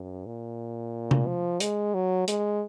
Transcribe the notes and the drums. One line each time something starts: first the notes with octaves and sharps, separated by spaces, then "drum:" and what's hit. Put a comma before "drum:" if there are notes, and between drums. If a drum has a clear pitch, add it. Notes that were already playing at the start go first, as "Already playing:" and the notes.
Already playing: F#2
A#2
drum: tom C3
F3
G#3, drum: hi-hat
F#3
G#3, drum: hi-hat